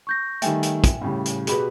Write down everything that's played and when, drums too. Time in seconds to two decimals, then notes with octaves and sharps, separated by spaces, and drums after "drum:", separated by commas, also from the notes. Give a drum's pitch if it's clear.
0.07 C#6 G6 A#6
0.42 D#3 G3 A3 E5 G5 G#5, drum: hi-hat
0.63 drum: hi-hat
0.84 drum: kick, hi-hat
1.02 A2 C#3 G3
1.26 drum: hi-hat
1.47 B2 G4 G#4 B4 B5, drum: hi-hat